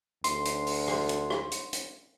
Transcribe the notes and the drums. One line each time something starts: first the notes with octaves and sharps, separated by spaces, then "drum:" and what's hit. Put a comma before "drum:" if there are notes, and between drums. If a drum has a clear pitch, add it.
D2 C6, drum: hi-hat
drum: hi-hat
drum: open hi-hat
drum: rim click
drum: hi-hat
drum: rim click
drum: hi-hat
drum: hi-hat